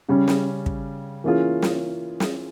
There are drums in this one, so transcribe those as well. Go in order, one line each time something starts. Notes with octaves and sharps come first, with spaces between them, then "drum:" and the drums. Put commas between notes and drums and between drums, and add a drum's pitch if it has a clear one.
C#3 G3 C#4
drum: snare
drum: kick
E3 A#3 C#4 F4 G#4
drum: snare
drum: snare